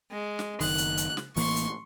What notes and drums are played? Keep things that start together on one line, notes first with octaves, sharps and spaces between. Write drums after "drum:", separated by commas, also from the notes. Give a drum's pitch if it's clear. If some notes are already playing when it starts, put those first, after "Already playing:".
G#3
drum: snare
F#1 D#3 F#6, drum: open hi-hat
drum: hi-hat
drum: hi-hat
drum: snare
A1 E3 A#3 C6 C#6, drum: open hi-hat
drum: hi-hat